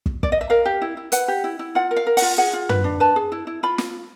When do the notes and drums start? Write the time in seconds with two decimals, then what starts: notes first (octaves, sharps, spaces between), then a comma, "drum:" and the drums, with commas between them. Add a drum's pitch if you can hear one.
0.06 drum: kick
0.23 D5, drum: kick
0.32 D#5
0.41 E5
0.50 A#4 F5
0.66 G4
0.82 E4
0.97 E4
1.12 B4 F#5, drum: hi-hat
1.28 G4
1.44 E4
1.59 E4
1.75 F4 F#5
1.91 A#4
1.96 F5
2.07 A#4
2.17 F#5, drum: open hi-hat
2.22 F4
2.37 G#4 F#5
2.53 F4
2.69 B4, drum: tom
2.84 D4
3.00 B4 A5
3.16 G#4
3.32 E4
3.47 E4
3.63 F4 B5
3.78 drum: snare